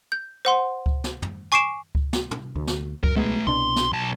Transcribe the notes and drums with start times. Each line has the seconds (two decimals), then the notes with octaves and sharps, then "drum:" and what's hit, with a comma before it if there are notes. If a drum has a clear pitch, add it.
0.12 G6
0.45 C5 F#5 C6
0.86 drum: kick C#2
1.04 drum: snare
1.22 drum: tom
1.52 G#5 C#6 D6 C7 D7 E7
1.95 drum: kick C#2
2.13 drum: snare
2.31 drum: tom
2.56 D2
2.67 drum: snare
3.04 F#2 A#4, drum: kick C#2
3.16 B1 G#3 A3 B3 B4
3.47 C2 B2 D4 C6
3.76 drum: snare
3.92 B1 A5